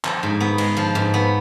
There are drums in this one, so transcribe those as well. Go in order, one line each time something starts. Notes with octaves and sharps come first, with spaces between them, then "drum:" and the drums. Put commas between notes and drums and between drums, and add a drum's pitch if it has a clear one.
F3, drum: clap
G#2
B3
G#3, drum: cymbal
F3
G#2
B3